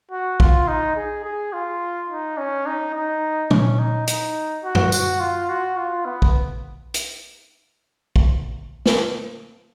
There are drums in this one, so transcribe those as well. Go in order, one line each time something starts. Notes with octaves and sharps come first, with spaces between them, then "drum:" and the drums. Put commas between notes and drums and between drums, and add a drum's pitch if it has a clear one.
F#4
F4, drum: kick A#1
D#4
G#4
G#4
F4
D#4
C#4
D#4
D#4
C#4, drum: tom A#2
D#4
D#4, drum: hi-hat
F#4
drum: tom F#2
F#4, drum: tambourine
F4
F#4
F4
B3
drum: kick A#1
drum: hi-hat
drum: kick A#1
drum: snare